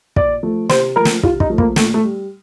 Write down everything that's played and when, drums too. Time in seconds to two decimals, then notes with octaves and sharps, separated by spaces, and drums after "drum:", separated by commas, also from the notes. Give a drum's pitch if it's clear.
0.16 A#2 D5, drum: kick
0.43 F3 A3
0.69 C3 C5, drum: snare
0.96 F3 A3 A#4
1.05 drum: snare
1.23 C3 F4, drum: kick
1.40 D#4, drum: kick
1.50 F3 A3
1.58 A#3, drum: kick
1.76 A#2 A3, drum: snare
1.94 A3
2.03 G3